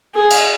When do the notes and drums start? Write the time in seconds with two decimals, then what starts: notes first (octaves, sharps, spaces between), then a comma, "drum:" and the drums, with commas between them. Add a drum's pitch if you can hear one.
0.15 G#4
0.30 drum: cymbal